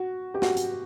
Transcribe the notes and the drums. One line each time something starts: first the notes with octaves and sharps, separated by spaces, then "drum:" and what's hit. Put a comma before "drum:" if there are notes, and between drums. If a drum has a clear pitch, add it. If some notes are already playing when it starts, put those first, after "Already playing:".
Already playing: F#4
G4
F#4, drum: snare
drum: hi-hat